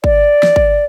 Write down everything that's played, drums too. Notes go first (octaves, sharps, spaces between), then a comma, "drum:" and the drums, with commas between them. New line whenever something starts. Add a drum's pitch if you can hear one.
D5, drum: kick G#1
drum: snare
drum: kick G#1